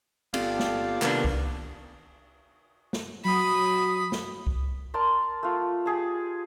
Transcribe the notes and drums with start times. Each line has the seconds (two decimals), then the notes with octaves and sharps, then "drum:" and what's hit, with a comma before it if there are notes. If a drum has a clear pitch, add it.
0.34 G1 B3 C4 F4 G4 A4 D5, drum: cymbal
0.59 drum: snare
1.02 C3 D#3 A#3 B3 D4, drum: clap
1.24 drum: kick C2
2.93 drum: snare
3.25 F#3 B5 D#6
4.12 drum: snare
4.47 drum: kick C2
4.94 A#4 D5 A5 C6
5.43 A3 F4
5.86 G4 G#4 A5